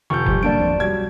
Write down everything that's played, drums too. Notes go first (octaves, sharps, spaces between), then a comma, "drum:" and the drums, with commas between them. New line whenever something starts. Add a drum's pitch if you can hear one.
F1 C#6 G6
D#2 F3 G3, drum: kick F#1
D3 F#3 G3 A#3 D5 A5 D7
E2 F3 C4
B1 F#3 G3 G#6